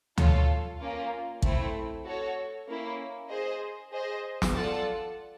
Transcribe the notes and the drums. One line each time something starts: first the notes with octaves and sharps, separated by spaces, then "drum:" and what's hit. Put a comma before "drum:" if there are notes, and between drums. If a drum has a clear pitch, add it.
F4 A4 C#5, drum: tom D2
A#3 C#4 F4
A3 C4 E4, drum: kick
F#4 A4 C#5
A#3 C#4 E4
G#4 C5 D#5
G#4 C5 D#5
drum: snare
F4 A4 D5 F#5 A5